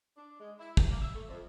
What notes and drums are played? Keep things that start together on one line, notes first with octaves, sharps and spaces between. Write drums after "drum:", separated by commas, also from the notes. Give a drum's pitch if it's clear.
D4
G#3
E4
G2, drum: kick
A#3
E5
A3
F2